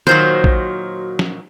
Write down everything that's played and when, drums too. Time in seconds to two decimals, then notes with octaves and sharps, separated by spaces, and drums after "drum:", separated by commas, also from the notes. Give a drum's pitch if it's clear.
0.07 A#2 D#3 F#3 F#4 C5
0.44 drum: kick A#1
1.19 drum: snare